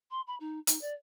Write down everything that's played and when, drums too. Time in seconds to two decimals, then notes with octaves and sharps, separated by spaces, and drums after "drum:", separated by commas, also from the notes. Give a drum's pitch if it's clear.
0.11 C6
0.27 B5
0.40 D#4
0.67 D#4, drum: hi-hat
0.81 D5